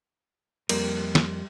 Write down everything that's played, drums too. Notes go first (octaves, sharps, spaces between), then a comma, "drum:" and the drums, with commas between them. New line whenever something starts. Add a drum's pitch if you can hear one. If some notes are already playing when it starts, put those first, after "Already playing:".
F2 G3 A#3 A#4, drum: cymbal
drum: snare